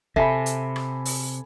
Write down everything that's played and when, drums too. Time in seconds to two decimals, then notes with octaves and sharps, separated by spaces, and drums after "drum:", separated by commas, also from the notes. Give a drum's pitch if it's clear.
0.16 C3 A4 E5 G#5 B5, drum: kick G1
0.46 drum: hi-hat
0.76 drum: rim click
1.05 drum: open hi-hat